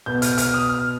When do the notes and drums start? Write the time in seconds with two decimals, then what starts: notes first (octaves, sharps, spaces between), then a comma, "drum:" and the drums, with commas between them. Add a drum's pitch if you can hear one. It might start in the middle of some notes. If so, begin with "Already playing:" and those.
0.06 B2 B3 G6
0.22 F6, drum: hi-hat
0.38 F6, drum: hi-hat
0.54 D#6
0.69 F6